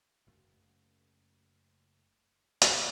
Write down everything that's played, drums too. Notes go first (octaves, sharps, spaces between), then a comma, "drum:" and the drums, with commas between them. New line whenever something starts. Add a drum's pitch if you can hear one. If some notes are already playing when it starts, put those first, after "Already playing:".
F#1 F#2 A3
drum: hi-hat